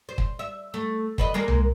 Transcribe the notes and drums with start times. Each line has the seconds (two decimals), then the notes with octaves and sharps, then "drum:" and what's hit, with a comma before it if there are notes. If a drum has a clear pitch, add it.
0.09 C5
0.18 drum: kick
0.39 E5
0.74 A3
1.18 E2 B4 D#5, drum: kick
1.34 G#3 A#3 A#4
1.48 drum: tom C2